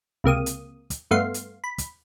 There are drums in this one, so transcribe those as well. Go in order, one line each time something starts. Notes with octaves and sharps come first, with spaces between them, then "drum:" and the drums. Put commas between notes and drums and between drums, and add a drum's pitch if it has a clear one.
C#2 C3 A#3 D#6
drum: hi-hat
drum: kick, hi-hat
G2 A3 B3 F5 C6
drum: hi-hat
B5
drum: kick, hi-hat